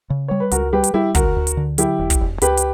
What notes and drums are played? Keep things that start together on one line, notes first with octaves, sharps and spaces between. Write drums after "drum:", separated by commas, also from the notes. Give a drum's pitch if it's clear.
C#3
G3 C#5
B4
C#2 F#4 A#4, drum: hi-hat
G3 G4 B4
drum: hi-hat
G3 E4 G4
D2 F#4 A#4, drum: kick, hi-hat
D2
drum: hi-hat
D3
F#3 E4 G4, drum: hi-hat
E1
drum: kick, hi-hat
E1
C#2 G4 B4, drum: hi-hat
drum: hi-hat